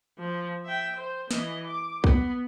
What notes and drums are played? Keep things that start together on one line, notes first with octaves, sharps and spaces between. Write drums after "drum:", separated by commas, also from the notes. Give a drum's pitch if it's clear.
F3
E5 G5
C5
E3 D#5, drum: snare
D6
B3, drum: kick B1